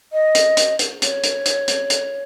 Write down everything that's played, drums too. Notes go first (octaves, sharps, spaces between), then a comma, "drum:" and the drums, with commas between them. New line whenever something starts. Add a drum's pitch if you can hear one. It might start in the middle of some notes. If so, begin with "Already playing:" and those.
D#5
drum: hi-hat
drum: hi-hat
drum: hi-hat
C#5, drum: hi-hat
drum: hi-hat
drum: hi-hat
drum: hi-hat
drum: hi-hat